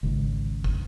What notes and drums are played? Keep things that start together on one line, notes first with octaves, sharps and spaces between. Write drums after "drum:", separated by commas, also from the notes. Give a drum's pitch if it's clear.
G#1 C#2
drum: kick